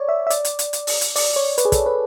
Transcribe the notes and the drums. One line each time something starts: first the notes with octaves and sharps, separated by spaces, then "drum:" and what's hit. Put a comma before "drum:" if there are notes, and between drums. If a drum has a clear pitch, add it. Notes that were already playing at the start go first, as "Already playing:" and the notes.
Already playing: C#5 D5
E5
E5
D5, drum: hi-hat
drum: hi-hat
drum: hi-hat
drum: hi-hat
drum: open hi-hat
drum: hi-hat
D5, drum: open hi-hat
C#5
B4, drum: hi-hat
G#4
A4, drum: kick, hi-hat
B4